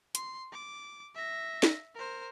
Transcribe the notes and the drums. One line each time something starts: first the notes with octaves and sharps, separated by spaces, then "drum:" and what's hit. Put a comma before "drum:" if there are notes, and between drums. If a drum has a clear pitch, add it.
C6, drum: hi-hat
D6
E5 A#6
drum: snare
A#4 C5